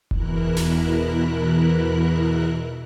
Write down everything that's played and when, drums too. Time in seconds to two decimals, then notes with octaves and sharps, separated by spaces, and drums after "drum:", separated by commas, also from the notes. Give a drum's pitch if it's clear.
0.11 E2 B2 E3 E4 A#4 F#6, drum: kick F1
0.56 drum: snare